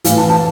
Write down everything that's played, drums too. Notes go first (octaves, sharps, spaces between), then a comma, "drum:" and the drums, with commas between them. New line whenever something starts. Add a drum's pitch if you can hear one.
A2 E3 F5, drum: hi-hat
A5
A5